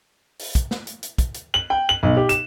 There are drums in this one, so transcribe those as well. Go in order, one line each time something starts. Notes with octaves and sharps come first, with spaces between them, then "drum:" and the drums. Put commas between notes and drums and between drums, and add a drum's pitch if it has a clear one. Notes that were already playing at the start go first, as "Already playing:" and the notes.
drum: open hi-hat
drum: kick, hi-hat
drum: snare
drum: hi-hat
drum: hi-hat
drum: kick, hi-hat
drum: hi-hat
F#7
G5
F#7
B1
G4
E7, drum: hi-hat